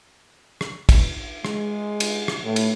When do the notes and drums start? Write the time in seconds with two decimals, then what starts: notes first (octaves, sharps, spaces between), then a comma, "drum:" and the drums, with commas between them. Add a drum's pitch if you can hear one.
0.61 drum: rim click
0.89 drum: kick, cymbal
1.45 G#3, drum: rim click
2.00 drum: cymbal
2.28 drum: rim click
2.44 A2
2.56 drum: cymbal